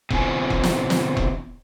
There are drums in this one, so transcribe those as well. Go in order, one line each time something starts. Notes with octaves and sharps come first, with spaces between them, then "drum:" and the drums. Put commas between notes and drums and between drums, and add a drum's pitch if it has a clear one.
B2 D3 E3 C4 F4 G#5, drum: kick E1
drum: kick E1
drum: snare
drum: snare
drum: kick E1